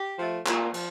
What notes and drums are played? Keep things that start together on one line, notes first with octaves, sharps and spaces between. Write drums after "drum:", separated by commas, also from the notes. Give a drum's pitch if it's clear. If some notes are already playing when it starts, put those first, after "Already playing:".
Already playing: G4
F3 A3
A#2, drum: clap
F3, drum: cymbal